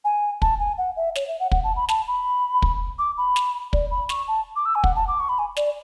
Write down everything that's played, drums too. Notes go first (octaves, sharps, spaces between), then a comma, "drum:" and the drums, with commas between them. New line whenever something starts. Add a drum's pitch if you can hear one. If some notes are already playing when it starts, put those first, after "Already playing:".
G#5
A5, drum: kick
G#5
F#5
E5
C#5, drum: snare
E5
F#5
F#5, drum: kick
A5
B5
A5, drum: snare
B5
drum: kick
D6
B5
drum: snare
D5, drum: kick
B5
C#6, drum: snare
A5
D6
E6
G#5
F#5, drum: kick
A5
D6
C#6
B5
G#5
D5, drum: snare